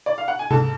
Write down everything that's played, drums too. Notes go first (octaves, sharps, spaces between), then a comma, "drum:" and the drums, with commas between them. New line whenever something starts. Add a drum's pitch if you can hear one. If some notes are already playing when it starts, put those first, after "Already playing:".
D5
F5
F#5
G#5
G#2 A4 A5, drum: tom C3